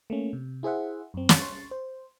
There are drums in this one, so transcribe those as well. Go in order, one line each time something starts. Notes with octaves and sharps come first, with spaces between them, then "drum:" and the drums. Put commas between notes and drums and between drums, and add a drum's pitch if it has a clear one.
A3 A#3 C#4
C3
E4 G#4 C5 E5 F#5
F#2 C4
drum: snare
C6 C#6 A6
C5